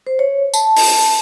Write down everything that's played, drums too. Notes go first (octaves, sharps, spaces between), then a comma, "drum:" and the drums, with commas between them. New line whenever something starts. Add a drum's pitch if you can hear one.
C5
C#5
A5, drum: tambourine
drum: open hi-hat